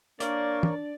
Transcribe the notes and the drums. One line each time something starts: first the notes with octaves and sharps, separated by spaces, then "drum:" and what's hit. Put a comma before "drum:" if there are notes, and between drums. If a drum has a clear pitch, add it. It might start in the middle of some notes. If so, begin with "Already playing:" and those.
A#3 D4 A#4 C#5 D5 C#6, drum: hi-hat
drum: tom